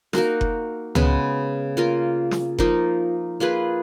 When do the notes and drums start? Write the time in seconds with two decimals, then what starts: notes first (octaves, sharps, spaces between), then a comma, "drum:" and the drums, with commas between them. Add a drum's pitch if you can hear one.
0.13 A#3 D#4 F#4 A#4, drum: snare
0.41 drum: kick F#1
0.95 C#3 G#3 B3, drum: tom
1.77 A#3 F4 A#4
2.31 drum: snare
2.59 F3 A#3 D#4 A#4, drum: kick F#1
3.40 A#3 F4 G#4 B4